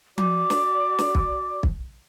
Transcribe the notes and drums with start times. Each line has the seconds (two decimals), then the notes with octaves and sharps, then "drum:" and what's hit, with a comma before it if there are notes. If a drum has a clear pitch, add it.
0.18 F#4 D5 D6, drum: tom F3
0.50 drum: snare
0.99 drum: snare
1.15 drum: kick
1.63 drum: kick